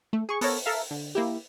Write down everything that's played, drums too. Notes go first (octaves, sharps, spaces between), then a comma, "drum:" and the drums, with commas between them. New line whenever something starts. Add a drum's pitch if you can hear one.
A3
G#4 C#6
B3 A4 A#4 C#5, drum: open hi-hat
A4 A#4 E5 F5
D3
A#3 E4 G4